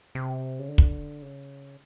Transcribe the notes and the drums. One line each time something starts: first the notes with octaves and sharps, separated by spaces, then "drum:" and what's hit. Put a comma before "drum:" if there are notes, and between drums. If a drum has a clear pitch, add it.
C3
C#3
D3
drum: kick
C#3